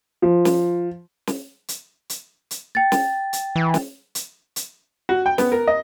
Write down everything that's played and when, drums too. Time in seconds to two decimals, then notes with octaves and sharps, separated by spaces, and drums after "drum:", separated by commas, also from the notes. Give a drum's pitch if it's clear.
0.22 F3
0.45 drum: snare
1.27 drum: snare
1.68 drum: hi-hat
2.10 drum: hi-hat
2.51 drum: hi-hat
2.75 G5 A6
2.92 drum: snare
3.33 drum: hi-hat
3.56 E3
3.74 drum: snare
4.15 drum: hi-hat
4.56 drum: hi-hat
5.09 F#4
5.26 G5
5.38 B3, drum: snare
5.52 A#4
5.67 D#5